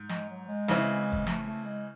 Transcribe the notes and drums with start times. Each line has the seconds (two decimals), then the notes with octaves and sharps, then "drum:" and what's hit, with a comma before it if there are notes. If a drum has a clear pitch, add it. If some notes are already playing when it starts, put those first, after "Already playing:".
Already playing: G#2
0.09 G#3, drum: snare
0.29 F#3
0.48 G#3
0.68 C#3 E3 C4 E4, drum: snare
1.12 drum: kick
1.27 A3, drum: snare
1.46 A3
1.65 G#3